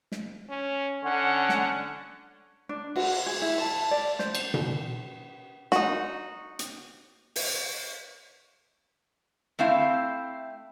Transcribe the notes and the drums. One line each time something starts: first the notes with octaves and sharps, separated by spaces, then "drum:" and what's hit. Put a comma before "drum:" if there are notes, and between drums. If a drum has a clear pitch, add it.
drum: snare
C#4
D3 C#4 F#5
drum: snare
D4
F#4, drum: cymbal
G#4
E4
A5
D5
C5, drum: snare
drum: cymbal
drum: tom B2
D#4 F#4, drum: snare
drum: hi-hat
drum: open hi-hat
A3 C4 E4 F5